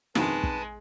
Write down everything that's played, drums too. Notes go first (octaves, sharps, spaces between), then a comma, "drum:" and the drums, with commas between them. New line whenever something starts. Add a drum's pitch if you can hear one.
F2 B2 D#3 G#3 B4 A5, drum: snare
drum: kick